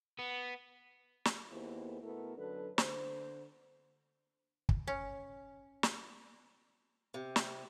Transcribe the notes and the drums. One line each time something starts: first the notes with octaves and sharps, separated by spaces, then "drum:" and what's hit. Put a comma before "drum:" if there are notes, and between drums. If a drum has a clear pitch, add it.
B3
drum: snare
D#2 A#3 B3 E4 G#4 C5
B2 A3 B3 E4 A4 A#4
F#2 D3 F#3 D4 A4 B4
D3 C5, drum: snare
drum: kick
C#4
drum: snare
C3
drum: snare